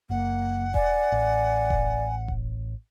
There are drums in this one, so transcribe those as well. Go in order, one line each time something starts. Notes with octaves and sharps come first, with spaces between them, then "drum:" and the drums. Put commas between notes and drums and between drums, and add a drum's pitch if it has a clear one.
F#1 A#3 F#5
D5 G#5, drum: kick E1
A1
drum: kick E1
drum: kick E1